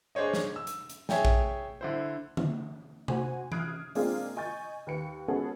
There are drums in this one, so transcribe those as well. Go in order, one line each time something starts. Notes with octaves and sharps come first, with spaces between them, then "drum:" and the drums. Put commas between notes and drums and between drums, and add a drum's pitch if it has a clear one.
D4 G#4 C5 C#5 D#5
drum: snare
E6
drum: hi-hat
drum: hi-hat
G#4 C#5 E5 G5 G#5, drum: snare
drum: kick A#1
D3 E4 C5
drum: tom D3
F#4 C5 G#5, drum: tom C3
D#6 F6 F#6 G#6 C7 D7, drum: tom E3
G#3 A#3 C4 D4 F4 G#4, drum: open hi-hat
D#5 G#5 C#6 G6 A6
D#2 B4 C#7
G#3 B3 C#4 F#4 G#4 A4